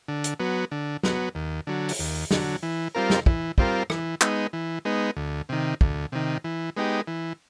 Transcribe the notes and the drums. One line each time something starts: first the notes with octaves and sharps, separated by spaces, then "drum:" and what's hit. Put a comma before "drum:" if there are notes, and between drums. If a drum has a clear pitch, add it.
D3
drum: hi-hat
F#3 B3
D3
F#3 B3, drum: snare
D#2
D3 F#3
drum: open hi-hat
D#2
D3 F#3, drum: snare
E3
G3 C4 F4 A#4
drum: snare
E3, drum: kick
G3 C4 F4 A#4, drum: kick
E3, drum: rim click
G#3 B3 D#4, drum: clap
E3
G#3 B3 D#4
D2
C3 D#3
D2, drum: kick
C3 D#3
E3
G#3 B3 D#4 G4
E3